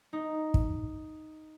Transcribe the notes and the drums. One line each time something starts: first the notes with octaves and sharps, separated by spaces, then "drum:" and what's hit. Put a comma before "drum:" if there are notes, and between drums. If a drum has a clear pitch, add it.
D#4
drum: kick